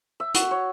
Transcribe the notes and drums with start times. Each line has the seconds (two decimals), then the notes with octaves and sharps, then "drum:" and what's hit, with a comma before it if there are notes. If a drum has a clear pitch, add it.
0.20 E5
0.34 F#4, drum: hi-hat
0.51 C#5